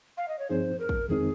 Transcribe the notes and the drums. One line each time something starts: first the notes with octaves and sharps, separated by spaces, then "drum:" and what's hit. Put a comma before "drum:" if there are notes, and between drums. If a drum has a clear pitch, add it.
F5
D#5
C#5
G2 F3 C4 D#4 G#4 C5
A#4
drum: kick
F2 D#3 G#3 C4 D#4 G#4